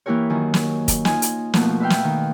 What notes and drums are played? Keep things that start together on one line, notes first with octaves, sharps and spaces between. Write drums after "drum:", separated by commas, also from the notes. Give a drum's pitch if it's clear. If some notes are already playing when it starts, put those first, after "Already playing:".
E3 A#3 E4 G4 A#4 C#5
F#2 D#3
drum: snare
drum: kick, hi-hat
D#4 F4 G#5, drum: snare
drum: hi-hat
B2 F3 A3 A#3, drum: snare
B4 E5 F5 G5
drum: snare
D#3